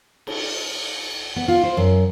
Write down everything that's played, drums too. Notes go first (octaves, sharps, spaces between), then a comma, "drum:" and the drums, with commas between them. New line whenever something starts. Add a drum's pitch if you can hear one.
drum: cymbal
B3
F4
C5
F#2